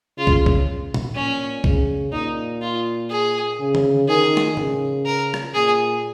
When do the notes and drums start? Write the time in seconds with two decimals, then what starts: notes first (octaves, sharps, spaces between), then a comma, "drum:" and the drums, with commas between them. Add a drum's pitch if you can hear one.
0.18 C#3 F4
0.27 drum: kick
0.46 drum: kick
0.94 drum: tom
1.15 A#2 C#4
1.64 C#3, drum: kick
2.12 A#2 D#4
2.62 F4
3.10 G#4
3.60 C#3
3.75 drum: tom D3
4.08 D#3 G#4
4.37 drum: snare
4.57 C#3, drum: tom A2
5.06 A#4
5.34 drum: rim click
5.54 A#2 G#4